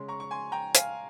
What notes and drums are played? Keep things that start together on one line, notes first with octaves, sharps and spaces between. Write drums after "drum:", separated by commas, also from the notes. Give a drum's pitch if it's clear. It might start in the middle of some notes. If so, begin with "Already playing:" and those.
Already playing: C#3 G#3 C#4 C6
A#5 C#6
C#6
G#5 C6
G5 A#5
F5 G#5, drum: hi-hat